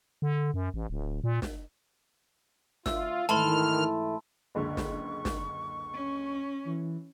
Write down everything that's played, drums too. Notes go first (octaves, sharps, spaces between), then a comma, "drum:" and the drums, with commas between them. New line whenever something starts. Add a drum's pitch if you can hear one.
D3
F#2
A1
D1
A#2
drum: snare
D2 F4 E6, drum: snare
G#2 D#3 E3 A3 A5 B5 C6 F6
F#1 C#2 D3 C#6
drum: snare
drum: snare
C#4
E3